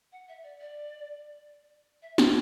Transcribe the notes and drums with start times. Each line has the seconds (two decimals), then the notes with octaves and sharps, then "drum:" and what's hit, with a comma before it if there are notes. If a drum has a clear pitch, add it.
0.12 F#5
0.29 E5
0.43 D5
0.60 D5
2.02 E5
2.18 F#5, drum: snare